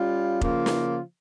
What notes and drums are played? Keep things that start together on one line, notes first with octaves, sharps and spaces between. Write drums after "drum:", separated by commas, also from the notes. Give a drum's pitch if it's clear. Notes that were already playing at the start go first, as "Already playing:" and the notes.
Already playing: G3 C#4 F4
C#3 F3 A#3 F4, drum: kick F1
drum: snare